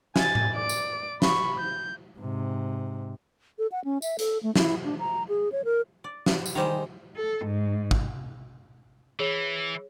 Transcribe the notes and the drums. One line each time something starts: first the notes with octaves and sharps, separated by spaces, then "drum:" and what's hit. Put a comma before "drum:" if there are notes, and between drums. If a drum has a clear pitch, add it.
G#5 A6, drum: snare
drum: tom A2
D5 D7
drum: tambourine
B5 C#6, drum: snare
G6
G#2 C3
A4
F#5
C#4
E5, drum: tambourine
A4, drum: hi-hat
A3
E4, drum: snare
D4
A#5
G#4
C#5
A#4
D5
drum: snare
drum: tambourine
D#3 G3 G#3 C5 A#5
A4
G#2
drum: kick
E3 G#4 C#5